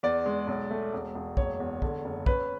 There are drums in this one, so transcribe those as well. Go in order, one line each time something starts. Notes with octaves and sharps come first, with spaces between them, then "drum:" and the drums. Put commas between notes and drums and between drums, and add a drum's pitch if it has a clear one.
E2 D5
G#3
B1
A3
E1
E1
F#1 C#5, drum: kick
E2
D3, drum: kick
F#1
C#4 B4, drum: kick